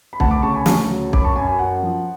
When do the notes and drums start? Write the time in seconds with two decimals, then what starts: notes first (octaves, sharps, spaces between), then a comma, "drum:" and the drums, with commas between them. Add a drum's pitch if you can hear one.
0.13 B5
0.20 D2 F#5 A5, drum: kick
0.31 B5 D6
0.42 C#3 A5 C#6
0.54 G#5 B5
0.66 D2 A5 C#6, drum: snare
0.90 F#3
1.13 F#2 B5 D6, drum: kick
1.24 A5 C#6
1.36 F#2 G#5 B5
1.47 G#5 B5
1.59 F#2 F#5
1.83 F3